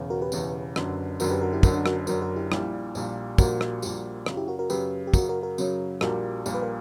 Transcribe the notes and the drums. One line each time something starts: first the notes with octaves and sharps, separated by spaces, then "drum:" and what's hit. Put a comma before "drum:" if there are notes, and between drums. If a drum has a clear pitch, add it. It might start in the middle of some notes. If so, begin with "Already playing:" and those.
Already playing: E1 E2 C#3
F#4 A#4
G4 B4
E1 E2 C#3, drum: tambourine
F#1 F#2 D3, drum: rim click
F#1 F#2 D3 F#4 A#4, drum: tambourine
G4 B4
F#4 A#4
E4 G4
F#1 F#2 D3 F#4 A#4, drum: kick, tambourine
D4 F#4
F#4 A#4, drum: rim click
F#1 F#2 D3 F#4 A#4, drum: tambourine
F#4 A#4
E4 G4
A#1 A#2 G3 E4 G4, drum: rim click
A#1 A#2 G3, drum: tambourine
A#1 A#2 G3 F#4 A#4, drum: kick, tambourine
drum: rim click
A#1 A#2 G3, drum: tambourine
F#2 C#3 F#3, drum: rim click
E4 G4
F#4 A#4
F#4 A#4
F#2 C#3 F#3 G4 B4, drum: tambourine
G4
F#2 C#3 F#3 F#4 A#4, drum: kick, tambourine
F#4 A#4
F#4 A#4
F#2 C#3 F#3, drum: tambourine
A#1 A#2 G3 F#4 A#4, drum: rim click
A#1 A#2 G3, drum: tambourine
B4
A#4